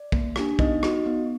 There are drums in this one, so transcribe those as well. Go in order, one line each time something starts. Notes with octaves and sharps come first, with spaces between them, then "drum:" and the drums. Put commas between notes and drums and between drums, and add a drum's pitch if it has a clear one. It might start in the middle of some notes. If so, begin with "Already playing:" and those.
Already playing: D5
A#3, drum: kick
D4 G4, drum: rim click
B3 D#4 D#5, drum: kick
D#4 F#4, drum: rim click
B3